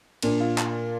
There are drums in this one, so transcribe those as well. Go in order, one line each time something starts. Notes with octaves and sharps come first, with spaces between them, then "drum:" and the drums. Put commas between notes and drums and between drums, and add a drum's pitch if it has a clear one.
A#2 D4, drum: cymbal
F4
drum: clap